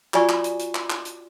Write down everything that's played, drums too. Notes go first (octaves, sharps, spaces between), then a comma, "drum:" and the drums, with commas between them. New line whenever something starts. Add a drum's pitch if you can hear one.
F4 F#4 D5 G#5 C#6, drum: clap
drum: clap
drum: hi-hat
drum: hi-hat
drum: clap
drum: clap
drum: hi-hat